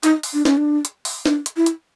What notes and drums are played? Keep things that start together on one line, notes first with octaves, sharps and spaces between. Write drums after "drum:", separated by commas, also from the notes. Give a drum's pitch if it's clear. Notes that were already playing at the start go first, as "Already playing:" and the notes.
D#4, drum: hi-hat
drum: open hi-hat
D4
C#4, drum: snare
D4
drum: hi-hat
drum: open hi-hat
D4, drum: snare
drum: hi-hat
E4
drum: hi-hat